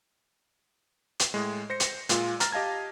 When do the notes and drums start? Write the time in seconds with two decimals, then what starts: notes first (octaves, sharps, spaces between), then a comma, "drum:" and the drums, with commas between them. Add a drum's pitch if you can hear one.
1.20 drum: hi-hat
1.34 A2 G#3
1.70 C5 A#6 C#7
1.80 drum: hi-hat
2.09 A#2 G#3 F4, drum: hi-hat
2.40 A#5 F6 A6 A#6, drum: hi-hat
2.52 G4 D#5 F5 A5 G#6